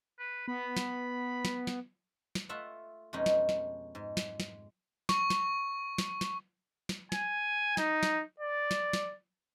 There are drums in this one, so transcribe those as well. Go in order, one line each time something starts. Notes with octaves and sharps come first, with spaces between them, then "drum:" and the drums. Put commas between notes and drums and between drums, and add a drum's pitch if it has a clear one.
B4
B3 B5
drum: snare
drum: snare
drum: snare
drum: snare
A3 F4 E5 F#5
F2 B2 G#3 C#4 D#4
drum: snare
drum: snare
G#2
drum: snare
drum: snare
C#6, drum: snare
drum: snare
drum: snare
drum: snare
drum: snare
G#5, drum: snare
D#4, drum: snare
drum: snare
D5
drum: snare
drum: snare